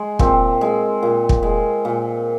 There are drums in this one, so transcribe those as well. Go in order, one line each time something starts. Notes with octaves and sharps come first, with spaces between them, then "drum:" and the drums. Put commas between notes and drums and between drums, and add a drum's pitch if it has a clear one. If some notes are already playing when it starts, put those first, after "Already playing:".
Already playing: G#3
A#2 C4, drum: kick
G#3
A#2
drum: kick
G#3
A#2